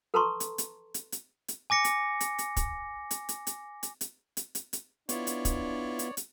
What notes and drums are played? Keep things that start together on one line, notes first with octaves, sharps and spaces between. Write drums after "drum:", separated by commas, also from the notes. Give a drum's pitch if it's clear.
A4 B4 A5 A#5 C6 C#6
drum: hi-hat
drum: hi-hat
drum: hi-hat
drum: hi-hat
drum: hi-hat
G#5 D6 A#6 C#7
drum: hi-hat
drum: hi-hat
drum: hi-hat
drum: kick, hi-hat
drum: hi-hat
drum: hi-hat
drum: hi-hat
drum: hi-hat
drum: hi-hat
drum: hi-hat
drum: hi-hat
drum: hi-hat
B3 D4 E4 F4 C#5 D5, drum: hi-hat
drum: hi-hat
drum: kick, hi-hat
drum: hi-hat
drum: hi-hat